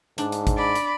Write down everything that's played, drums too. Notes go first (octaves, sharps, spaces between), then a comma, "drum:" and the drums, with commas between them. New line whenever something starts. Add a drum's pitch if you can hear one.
G#2 D4, drum: hi-hat
drum: hi-hat
drum: kick G#1, hi-hat
D5 B5
drum: hi-hat